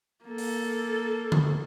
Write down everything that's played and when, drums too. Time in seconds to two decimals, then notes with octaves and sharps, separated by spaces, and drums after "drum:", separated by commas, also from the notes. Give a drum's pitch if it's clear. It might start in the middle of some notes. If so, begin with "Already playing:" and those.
0.25 A#3 A4
0.38 drum: open hi-hat
1.32 drum: tom D3